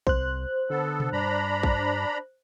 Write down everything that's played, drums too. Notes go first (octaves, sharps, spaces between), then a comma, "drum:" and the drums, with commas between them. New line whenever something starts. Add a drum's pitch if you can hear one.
C2 C5 F#6, drum: kick
D3 B3 A4
drum: tom B2
G2 D4 A#5 B5
drum: kick